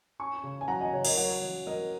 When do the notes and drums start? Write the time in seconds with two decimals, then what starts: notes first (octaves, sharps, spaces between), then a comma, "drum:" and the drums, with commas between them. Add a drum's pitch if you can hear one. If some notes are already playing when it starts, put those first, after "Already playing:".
0.19 C#4 G#5 C#6
0.43 C#3
0.61 G#5
0.68 F#3 F#5 A#5
0.81 D#5 G#5
0.93 C#3 C#5
1.05 A#4 D#5, drum: cymbal
1.17 F#3 C#5 F#5
1.42 F#3
1.67 F#3 A#4 D#5